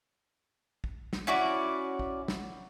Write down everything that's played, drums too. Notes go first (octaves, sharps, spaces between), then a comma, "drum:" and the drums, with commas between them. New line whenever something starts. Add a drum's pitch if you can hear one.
drum: kick
drum: snare
C#4 E4 F#4 D5
drum: kick
drum: snare